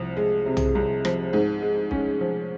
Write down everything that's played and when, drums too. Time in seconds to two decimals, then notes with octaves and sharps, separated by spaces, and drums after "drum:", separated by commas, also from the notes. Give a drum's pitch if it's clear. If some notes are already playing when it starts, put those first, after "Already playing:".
Already playing: C2 F3
0.17 G#3
0.46 C3
0.57 drum: tom
0.75 C2
1.05 F3, drum: rim click
1.33 G#2
1.62 G#3
1.91 C#4, drum: kick
2.21 F3